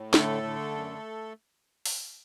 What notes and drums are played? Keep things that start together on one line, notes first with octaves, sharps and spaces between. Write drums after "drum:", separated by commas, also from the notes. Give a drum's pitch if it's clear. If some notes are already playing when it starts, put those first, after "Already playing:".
Already playing: A2
D3 A3 A4, drum: snare
D3
F#2
drum: open hi-hat